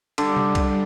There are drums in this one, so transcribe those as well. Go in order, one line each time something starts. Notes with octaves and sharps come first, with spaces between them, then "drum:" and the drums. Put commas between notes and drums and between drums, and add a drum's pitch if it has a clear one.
D3 G3, drum: cymbal
drum: tom C3
drum: kick C2, cymbal